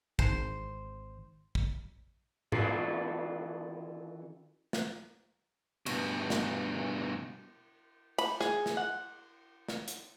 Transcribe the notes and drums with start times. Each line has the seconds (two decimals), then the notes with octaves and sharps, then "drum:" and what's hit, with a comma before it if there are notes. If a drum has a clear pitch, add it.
0.19 G#1 C5, drum: kick
1.55 drum: kick
2.52 D#3 E3 C#4 F4 F#4 A4, drum: tom G#2
4.73 drum: snare
5.86 G2 B2, drum: cymbal
6.30 drum: snare
8.18 B5, drum: cymbal
8.41 G#4, drum: snare
8.66 drum: snare
8.77 F#5
9.68 drum: snare
9.88 drum: hi-hat